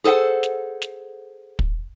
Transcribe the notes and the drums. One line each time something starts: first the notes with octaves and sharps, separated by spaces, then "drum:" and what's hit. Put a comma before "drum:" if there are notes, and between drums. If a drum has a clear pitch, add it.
G#4 A4 C5 F5 F#5
drum: snare
drum: snare
drum: kick